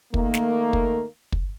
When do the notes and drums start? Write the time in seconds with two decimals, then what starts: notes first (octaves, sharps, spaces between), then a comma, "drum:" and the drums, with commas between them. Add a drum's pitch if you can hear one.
0.14 D#3 A3 A#3, drum: kick
0.34 drum: snare
0.73 drum: kick
1.32 drum: kick